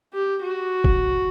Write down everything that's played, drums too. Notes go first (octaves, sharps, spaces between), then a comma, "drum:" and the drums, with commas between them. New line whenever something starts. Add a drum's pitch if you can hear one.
G4
F#4
drum: kick